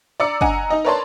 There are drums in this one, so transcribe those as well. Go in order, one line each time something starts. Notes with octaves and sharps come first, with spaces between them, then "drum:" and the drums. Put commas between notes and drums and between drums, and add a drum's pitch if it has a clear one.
D5 A#5 D6 E6 C#7
D#5 F#5 G#5 A#5, drum: kick
D#4 D#5
A#4 B4 C#5 D5 A5 C6